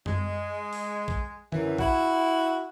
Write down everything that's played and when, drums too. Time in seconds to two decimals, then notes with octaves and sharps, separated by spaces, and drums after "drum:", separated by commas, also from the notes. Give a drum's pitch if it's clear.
0.06 G#3, drum: tom
0.73 drum: open hi-hat
1.08 drum: kick
1.52 F#2 E3, drum: tom D3
1.78 E4 F#4, drum: kick